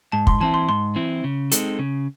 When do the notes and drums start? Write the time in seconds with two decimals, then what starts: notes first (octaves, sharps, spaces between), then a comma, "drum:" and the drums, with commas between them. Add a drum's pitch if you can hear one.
0.12 G#2 A5
0.27 C6, drum: kick
0.40 E3 C4 E4 A5
0.54 C6
0.68 G#2 C6
0.96 E3 C4 E4
1.24 C#3
1.51 G#3 C4 D#4 A4, drum: hi-hat
1.79 C#3